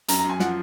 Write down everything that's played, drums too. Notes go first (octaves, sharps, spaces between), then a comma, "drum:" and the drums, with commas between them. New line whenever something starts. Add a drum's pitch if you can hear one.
F#2 A#5, drum: hi-hat
A#5
F#2
G#5
F3 F#5, drum: snare